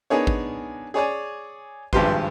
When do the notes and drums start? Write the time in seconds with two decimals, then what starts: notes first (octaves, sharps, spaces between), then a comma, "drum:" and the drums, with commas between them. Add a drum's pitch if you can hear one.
0.10 B3 D4 D#4 G#4 A#4 C#5
0.27 drum: kick G#1
0.94 G#4 C#5 D5 G#5
1.93 G#1 G2 F3 G4 B4 C6, drum: kick G#1